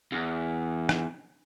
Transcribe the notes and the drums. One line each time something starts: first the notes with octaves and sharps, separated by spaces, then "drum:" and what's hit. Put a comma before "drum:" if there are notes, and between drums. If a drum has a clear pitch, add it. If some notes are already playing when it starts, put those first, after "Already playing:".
E2
drum: rim click